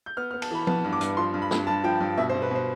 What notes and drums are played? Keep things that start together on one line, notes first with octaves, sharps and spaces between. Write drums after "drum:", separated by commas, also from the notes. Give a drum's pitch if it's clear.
G6
B3 F6
F6
B3
A5, drum: cymbal
E3 B5
B3 A5, drum: tom F3
G2
D6
G2, drum: hi-hat
F3 C6
G2
B5
G2, drum: snare
G2 A5
F3 G5
G2
B2 E5
C5
B2
B4
B2 C5